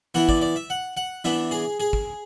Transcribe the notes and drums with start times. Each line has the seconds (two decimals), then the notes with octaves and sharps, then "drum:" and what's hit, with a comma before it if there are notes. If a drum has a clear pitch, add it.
0.14 E3 B3 E4 F#5
0.29 D5, drum: kick
0.41 D5
0.56 E5
0.70 F#5
0.97 F#5
1.24 E3 B3 D4 E5
1.51 G#4
1.80 G#4
1.93 drum: kick